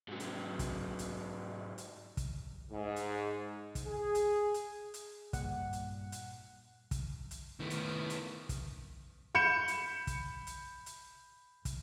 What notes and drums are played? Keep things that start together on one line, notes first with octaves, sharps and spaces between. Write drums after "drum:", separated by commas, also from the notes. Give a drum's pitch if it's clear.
G#2 F#3
drum: hi-hat
drum: kick, hi-hat
drum: hi-hat
drum: hi-hat
drum: kick, hi-hat
G#2
drum: hi-hat
drum: kick, hi-hat
G#4
drum: hi-hat
drum: hi-hat
drum: hi-hat
G2 A#2 F#5, drum: kick, hi-hat
drum: hi-hat
drum: hi-hat
drum: kick, hi-hat
drum: hi-hat
A2 D#3 B3
drum: hi-hat
drum: hi-hat
drum: kick, hi-hat
B5 G6 C#7 E7
drum: hi-hat
drum: kick, hi-hat
drum: hi-hat
drum: hi-hat
drum: kick, hi-hat